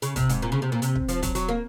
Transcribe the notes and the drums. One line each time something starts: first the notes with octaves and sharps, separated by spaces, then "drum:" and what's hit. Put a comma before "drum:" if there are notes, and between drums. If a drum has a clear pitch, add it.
C#3, drum: hi-hat
C3, drum: kick, hi-hat
G#2, drum: hi-hat
A#2
C#3
C3
A#2
C3, drum: hi-hat
drum: kick
F3, drum: hi-hat
F#3, drum: kick, hi-hat
F#3, drum: hi-hat
A#3